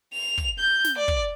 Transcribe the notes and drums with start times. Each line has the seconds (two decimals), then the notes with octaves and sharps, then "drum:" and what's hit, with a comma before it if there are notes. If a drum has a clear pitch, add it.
0.14 F7
0.38 drum: kick
0.59 G6
0.84 drum: snare
0.98 D5
1.08 drum: kick